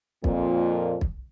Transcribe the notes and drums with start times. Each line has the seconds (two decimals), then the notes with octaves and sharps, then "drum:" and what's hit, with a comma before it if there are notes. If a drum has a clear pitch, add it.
0.24 F2 A#2, drum: kick
1.01 drum: kick